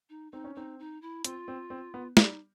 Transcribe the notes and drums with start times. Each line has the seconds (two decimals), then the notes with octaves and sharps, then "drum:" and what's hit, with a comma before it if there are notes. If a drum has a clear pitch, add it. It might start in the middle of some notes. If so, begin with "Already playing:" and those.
0.09 D#4
0.32 C4 D#4
0.44 C#4
0.55 C4 D#4
0.79 D#4
1.02 E4
1.25 C4 F4, drum: hi-hat
1.48 C4
1.70 C4
1.94 B3
2.17 G3 D#4, drum: snare